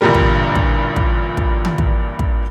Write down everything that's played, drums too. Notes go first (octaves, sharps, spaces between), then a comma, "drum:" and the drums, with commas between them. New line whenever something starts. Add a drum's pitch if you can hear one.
A1 G2 A#2 D3 G3 A#4
drum: kick
drum: kick
drum: kick
drum: kick
drum: tom D#3
drum: kick
drum: kick